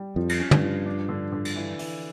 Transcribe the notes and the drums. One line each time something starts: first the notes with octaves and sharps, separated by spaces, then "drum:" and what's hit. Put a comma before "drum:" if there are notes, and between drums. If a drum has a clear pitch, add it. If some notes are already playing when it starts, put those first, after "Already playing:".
Already playing: G3
F2 F3
drum: cymbal
C#4
G2, drum: tom
F3
D4
D3
D3
drum: cymbal
E3
E3, drum: open hi-hat